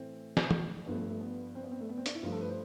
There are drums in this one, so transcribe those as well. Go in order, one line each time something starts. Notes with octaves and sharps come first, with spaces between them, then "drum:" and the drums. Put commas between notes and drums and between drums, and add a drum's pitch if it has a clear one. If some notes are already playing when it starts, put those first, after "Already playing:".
Already playing: A2 E3 A3 C4
drum: snare
drum: tom
G2 F3 A3 B3
A3
A3
B3
C4
B3
C4
A3
B3
C4
D4, drum: hi-hat
E4
G2 F3 A3 F4
A4
B4
C5